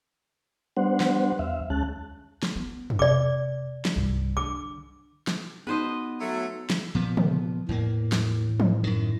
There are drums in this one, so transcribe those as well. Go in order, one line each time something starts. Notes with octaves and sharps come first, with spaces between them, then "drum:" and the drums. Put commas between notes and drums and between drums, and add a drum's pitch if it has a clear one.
G3 B3 D4 C5 F#5
drum: snare
E2 E5 F5
D2 G#3 C#4 A5 F#6
drum: snare
B3
drum: tom
C3 D5 D6
drum: snare
C2 G2
D3 D6
drum: snare
B3 D#4 F#4 G#4 B4 C5 D#5
F#3 A3
drum: snare
A#2 F3 B3
drum: tom
E2 A2 A#3
drum: snare
drum: tom
F#2 D#3